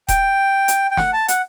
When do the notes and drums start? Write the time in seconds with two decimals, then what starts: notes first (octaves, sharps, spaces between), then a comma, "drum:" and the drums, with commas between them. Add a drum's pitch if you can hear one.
0.08 G5, drum: kick D#1, hi-hat
0.68 drum: hi-hat
0.91 G5
0.97 F#5, drum: snare
1.13 A5
1.28 F#5, drum: hi-hat